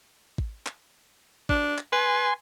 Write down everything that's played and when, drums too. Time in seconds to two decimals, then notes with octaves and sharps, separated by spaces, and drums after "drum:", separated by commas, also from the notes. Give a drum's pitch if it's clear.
0.38 drum: kick
0.66 drum: clap
1.49 D4, drum: kick
1.78 drum: clap
1.92 B4 G#5 C6